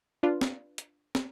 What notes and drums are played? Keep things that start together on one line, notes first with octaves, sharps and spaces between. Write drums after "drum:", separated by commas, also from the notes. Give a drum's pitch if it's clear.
D4 F4 B4
drum: snare
drum: hi-hat
drum: snare